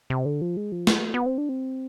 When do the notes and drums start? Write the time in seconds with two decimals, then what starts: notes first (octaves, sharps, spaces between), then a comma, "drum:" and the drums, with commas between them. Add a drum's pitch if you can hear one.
0.10 C3
0.26 D3
0.41 F3
0.57 G#3
0.72 F3
0.87 G#3, drum: snare
1.03 A3
1.14 B3
1.26 C4
1.38 D4
1.49 C4